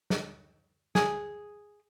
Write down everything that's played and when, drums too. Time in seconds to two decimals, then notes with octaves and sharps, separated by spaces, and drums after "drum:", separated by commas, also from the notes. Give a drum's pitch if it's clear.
0.10 drum: snare
0.95 G#4, drum: snare